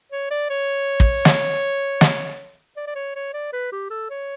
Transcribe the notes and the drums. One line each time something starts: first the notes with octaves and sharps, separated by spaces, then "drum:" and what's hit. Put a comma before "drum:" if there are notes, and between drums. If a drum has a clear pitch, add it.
C#5
D5
C#5
drum: kick
drum: snare
drum: snare
D5
D5
C#5
C#5
D5
B4
G4
A4
C#5